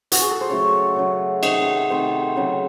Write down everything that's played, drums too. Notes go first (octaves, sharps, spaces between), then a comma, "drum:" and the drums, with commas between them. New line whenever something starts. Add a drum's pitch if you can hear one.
F#4, drum: hi-hat
G#4
A4
C5
C#3 F#3 A3 C#5
C#3 F#3 A3
C3 D#3 A3 C4 D#5, drum: cymbal
C3 D#3 A3 C4 C5
C#3 F#3 C4